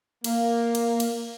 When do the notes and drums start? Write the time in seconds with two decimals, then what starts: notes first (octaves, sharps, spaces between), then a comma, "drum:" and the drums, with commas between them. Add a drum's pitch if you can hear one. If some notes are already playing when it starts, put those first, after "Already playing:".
0.24 A#3, drum: cymbal
0.75 drum: cymbal
1.00 drum: cymbal